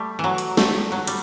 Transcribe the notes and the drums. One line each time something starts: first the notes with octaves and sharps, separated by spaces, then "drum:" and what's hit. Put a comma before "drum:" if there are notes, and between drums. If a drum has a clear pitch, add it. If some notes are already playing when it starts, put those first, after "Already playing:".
Already playing: G3 A3
E3 F#3
drum: hi-hat
A3, drum: snare
F#3
G3, drum: hi-hat